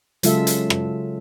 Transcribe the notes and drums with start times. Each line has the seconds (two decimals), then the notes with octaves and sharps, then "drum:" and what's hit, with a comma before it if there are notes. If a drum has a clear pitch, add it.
0.23 C#3 F#3 G#3 F4 A4 E5, drum: hi-hat
0.47 drum: hi-hat
0.70 drum: rim click